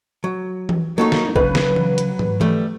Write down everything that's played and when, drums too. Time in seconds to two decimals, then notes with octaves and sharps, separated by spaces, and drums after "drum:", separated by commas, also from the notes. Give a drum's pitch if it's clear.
0.24 F#3
0.69 drum: tom E3
0.98 F#3 A#3 D#4 A4 C#5
1.12 drum: snare
1.36 C#3 F#3 B4, drum: kick
1.55 drum: snare
1.76 drum: tom E3
1.98 drum: hi-hat
2.19 drum: tom
2.41 G3 A3, drum: tom E3